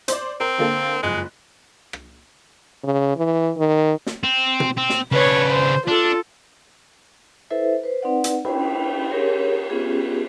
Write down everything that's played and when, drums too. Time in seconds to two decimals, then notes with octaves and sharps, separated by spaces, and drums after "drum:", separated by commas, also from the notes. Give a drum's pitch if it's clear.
0.08 C5 D5, drum: hi-hat
0.40 C4 A#4
0.58 D3 A#3 A4
1.03 F#1 F2 G#3 F#6
1.93 drum: rim click
2.84 C#3
3.16 E3
3.57 D#3
4.06 drum: snare
4.23 C4
4.60 drum: tom B2
4.77 C4
4.90 drum: snare
5.12 C#3 D4 B4 C#5
5.52 C5
5.87 D4 F4 A4
7.50 E4 A4 B4 C5 E5
7.83 B4 C5
8.02 C4 D#4 B4 D5 F#5
8.24 drum: hi-hat
8.45 E4 G5 B5, drum: cymbal
9.11 G4 G#4 A#4 C#5
9.70 B3 C#4 F4 G4 G#4